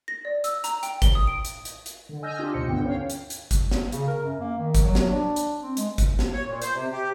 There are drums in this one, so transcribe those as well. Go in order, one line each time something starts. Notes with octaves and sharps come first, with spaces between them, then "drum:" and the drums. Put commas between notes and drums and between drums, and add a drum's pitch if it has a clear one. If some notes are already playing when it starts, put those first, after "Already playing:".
A#6
D5
E6, drum: hi-hat
A#5, drum: hi-hat
G5, drum: hi-hat
G7, drum: kick G1, hi-hat
D#6
D7
drum: hi-hat
drum: hi-hat
drum: hi-hat
D3
D#5 G#5 E6 F6 G6 A#6
D4 F4 G4 D#5
D2 B2 C5 C#7
C2 G2 D3 B3 G5
C#4 C#5 F5 G5
drum: hi-hat
drum: hi-hat
drum: kick G1, hi-hat
drum: snare
C#3, drum: hi-hat
A#4
F#2
A#3
D#3
drum: kick G1, hi-hat
F#3
drum: snare
D4
drum: hi-hat
C4
G#3, drum: hi-hat
drum: kick G1, hi-hat
drum: snare
C#5
A#2
C5, drum: hi-hat
C3
G4